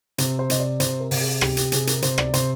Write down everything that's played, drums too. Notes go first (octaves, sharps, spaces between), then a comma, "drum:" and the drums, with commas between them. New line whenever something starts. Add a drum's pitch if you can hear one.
C3 C5, drum: hi-hat
C5
C3 D#5, drum: hi-hat
D5
C3 C5, drum: hi-hat
A#4
C3, drum: open hi-hat
G#4
C3 G4, drum: rim click
G4, drum: hi-hat
C3 G#4, drum: hi-hat
A#4, drum: hi-hat
C3 C5, drum: hi-hat
D5, drum: rim click
C3 C5, drum: hi-hat